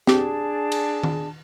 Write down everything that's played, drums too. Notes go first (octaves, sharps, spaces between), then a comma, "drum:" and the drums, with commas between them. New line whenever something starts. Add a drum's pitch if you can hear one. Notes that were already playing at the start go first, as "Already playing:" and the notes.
C4 D4 G4 G#4 A5, drum: snare
drum: cymbal
drum: tom D#3